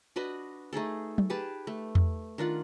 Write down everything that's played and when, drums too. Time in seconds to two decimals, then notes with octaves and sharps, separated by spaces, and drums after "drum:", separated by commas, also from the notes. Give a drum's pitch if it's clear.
0.16 D4 F#4 B4 D#5
0.73 A3 D#4 G#4 A4
1.18 drum: tom
1.30 G4 G#4 B4 A5
1.67 A3
1.95 drum: tom E2
2.38 D#3 D4 F4 F#5